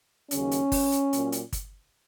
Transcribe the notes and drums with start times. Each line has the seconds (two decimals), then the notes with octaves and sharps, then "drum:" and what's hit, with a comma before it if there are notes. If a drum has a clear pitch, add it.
0.31 D#2 C#3 F#3 C#4, drum: hi-hat
0.51 drum: hi-hat
0.72 drum: kick G1, open hi-hat
0.92 drum: hi-hat
1.13 A#2 F#3, drum: hi-hat
1.32 drum: hi-hat
1.53 drum: kick G1, hi-hat